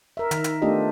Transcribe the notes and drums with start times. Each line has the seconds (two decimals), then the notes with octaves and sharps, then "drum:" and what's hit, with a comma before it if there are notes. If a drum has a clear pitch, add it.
0.17 A#4 E5
0.31 D#3, drum: hi-hat
0.44 drum: hi-hat
0.62 A3 B3 D4 F4 G4 D#5